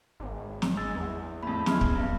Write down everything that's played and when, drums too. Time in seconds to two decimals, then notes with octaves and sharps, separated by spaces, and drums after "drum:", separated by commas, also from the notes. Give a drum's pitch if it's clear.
0.20 G#1
0.62 drum: snare
0.77 G#3 E6 A6
0.96 E2
1.43 F2 A2 B5
1.66 C#3 G#3 B3 E4 F6, drum: snare
1.81 drum: kick
1.96 G2